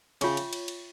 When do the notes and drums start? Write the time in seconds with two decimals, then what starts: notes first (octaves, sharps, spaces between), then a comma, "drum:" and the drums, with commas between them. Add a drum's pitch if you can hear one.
0.21 C#3 F4 C#5 E5 G5 C#6, drum: cymbal
0.37 drum: cymbal
0.53 drum: cymbal
0.68 drum: cymbal